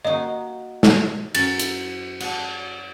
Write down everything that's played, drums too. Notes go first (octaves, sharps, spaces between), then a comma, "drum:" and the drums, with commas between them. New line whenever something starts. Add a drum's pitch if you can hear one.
A#3 D#4 F#4 D#5
drum: snare
F#2 A6, drum: cymbal
drum: hi-hat
F#5 A5, drum: cymbal